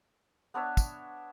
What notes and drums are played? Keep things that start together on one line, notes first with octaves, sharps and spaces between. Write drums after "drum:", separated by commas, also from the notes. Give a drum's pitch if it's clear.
B3 D4 C#5 E5
drum: kick, tambourine